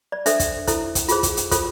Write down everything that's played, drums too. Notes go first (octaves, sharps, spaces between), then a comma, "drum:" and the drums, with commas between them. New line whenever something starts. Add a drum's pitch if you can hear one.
D5
D4 A4 C5 E5, drum: hi-hat
drum: kick, hi-hat
E4 A4 C5, drum: kick, hi-hat
drum: kick, hi-hat
F4 G#4 C5, drum: hi-hat
drum: kick, hi-hat
drum: hi-hat
F4 A4 C5, drum: kick, hi-hat